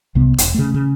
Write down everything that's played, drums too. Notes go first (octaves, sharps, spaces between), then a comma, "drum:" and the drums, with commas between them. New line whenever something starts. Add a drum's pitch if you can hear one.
C2 C3 B3
E1, drum: hi-hat
C#3 A3
C#3